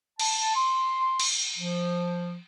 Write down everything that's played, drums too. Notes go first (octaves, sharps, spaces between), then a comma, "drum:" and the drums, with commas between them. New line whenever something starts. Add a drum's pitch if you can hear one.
A5, drum: cymbal
C6
drum: cymbal
F3